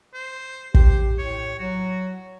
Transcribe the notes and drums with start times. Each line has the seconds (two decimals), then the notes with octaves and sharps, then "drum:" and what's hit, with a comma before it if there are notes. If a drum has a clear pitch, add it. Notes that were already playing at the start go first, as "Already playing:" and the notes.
0.14 C5
0.74 G4 C5, drum: kick
1.18 A2 C#5
1.59 F#3 F#4